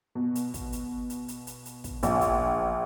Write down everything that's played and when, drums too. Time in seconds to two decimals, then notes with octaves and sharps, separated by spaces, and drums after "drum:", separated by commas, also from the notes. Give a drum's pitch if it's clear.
0.15 B2
0.35 drum: hi-hat
0.54 drum: kick, hi-hat
0.73 drum: hi-hat
1.10 drum: hi-hat
1.28 drum: hi-hat
1.47 drum: hi-hat
1.66 drum: hi-hat
1.84 drum: kick, hi-hat
2.03 A#1, drum: hi-hat
2.21 drum: kick, hi-hat